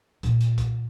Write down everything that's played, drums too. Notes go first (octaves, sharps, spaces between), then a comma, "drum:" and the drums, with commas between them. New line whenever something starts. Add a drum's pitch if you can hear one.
A#2 F4, drum: kick, hi-hat
drum: hi-hat
drum: kick, hi-hat